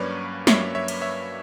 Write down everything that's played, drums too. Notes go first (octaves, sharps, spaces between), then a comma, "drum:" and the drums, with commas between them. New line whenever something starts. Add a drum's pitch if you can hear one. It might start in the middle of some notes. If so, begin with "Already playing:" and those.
Already playing: G2 F#3 A#3 C#4 B4 C#5 D5
G2 F#3 A#3 C#4 C#5 E5, drum: snare
C#5 E5
drum: cymbal
C#5 E5